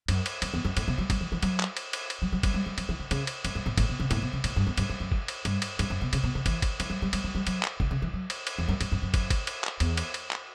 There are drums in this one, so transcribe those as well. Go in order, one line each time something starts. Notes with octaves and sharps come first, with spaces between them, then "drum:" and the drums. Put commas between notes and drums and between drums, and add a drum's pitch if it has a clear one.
F#2, drum: cymbal
drum: cymbal
F#2, drum: cymbal
E2
F#2
A2, drum: cymbal
B2
F#3
F#3, drum: kick, cymbal
E3
E3
F#3, drum: cymbal
drum: clap
drum: cymbal
drum: cymbal
drum: cymbal
F#3
F#3
G3, drum: kick, cymbal
G3
F#3
F#3, drum: cymbal
E3
D3
C#3, drum: cymbal
drum: cymbal
F#2, drum: cymbal
G2
A2
A2, drum: kick, cymbal
B2
C#3
A2, drum: cymbal
B2
C#3
A2, drum: cymbal
G2
E2
G2, drum: cymbal
F#2
F#2
drum: kick
drum: cymbal
G2, drum: cymbal
drum: cymbal
G2, drum: cymbal
F#2
B2
C#3, drum: cymbal
B2
C#3
E3, drum: kick, cymbal
drum: kick, cymbal
E3, drum: cymbal
F#3
G3
G3, drum: cymbal
F#3
G3
F#3, drum: cymbal
drum: clap
D3, drum: kick
C#3
E3
F#3
drum: cymbal
drum: cymbal
E2
F#2
G2, drum: cymbal
F#2
F#2
drum: kick, cymbal
drum: kick, cymbal
drum: cymbal
drum: clap
E2, drum: cymbal
drum: cymbal
drum: cymbal
drum: clap